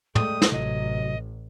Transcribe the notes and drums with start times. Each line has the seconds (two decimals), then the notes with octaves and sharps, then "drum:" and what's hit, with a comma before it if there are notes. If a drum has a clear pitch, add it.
0.15 G#3 A3 D5 G5 D#6, drum: tom
0.42 drum: snare
0.52 A1 C3 F#3 D#5